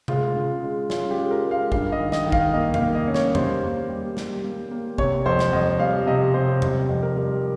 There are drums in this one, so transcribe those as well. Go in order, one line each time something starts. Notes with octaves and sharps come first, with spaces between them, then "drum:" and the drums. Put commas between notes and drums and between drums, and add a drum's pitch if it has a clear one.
G#3 F4, drum: tom C3
C#3
G#3
C#4 F4, drum: snare
G4
G#3
A#4
G#3
F5
G2 F5, drum: kick
D#5
D#3
D#5, drum: snare
D#3
F5, drum: kick
A#3 D#5
F5, drum: tom E2
A#3
D#5
C#4
C#5, drum: snare
G3 C5, drum: tom E2
A#3
G3
G3, drum: snare
A#3
A#3
C3 C#5, drum: kick
F2 C5
drum: snare
F2 D#5
G3 F5
C3 D#5
C3 C5
G3, drum: tom E2
F2
A#4
G3